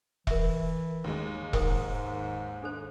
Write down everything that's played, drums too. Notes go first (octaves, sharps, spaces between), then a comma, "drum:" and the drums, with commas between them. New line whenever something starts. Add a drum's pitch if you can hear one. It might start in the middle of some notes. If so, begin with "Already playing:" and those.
E3 A#4 E5, drum: kick E1
D#2 G#3
G#2 A#4 G5 D#6, drum: kick E1
D4 A4 C5